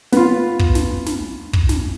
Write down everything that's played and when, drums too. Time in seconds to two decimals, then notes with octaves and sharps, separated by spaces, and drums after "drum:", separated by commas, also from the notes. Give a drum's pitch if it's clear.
0.12 B3 F4, drum: snare
0.59 drum: kick
0.75 drum: snare
1.06 drum: snare
1.53 drum: kick
1.69 drum: snare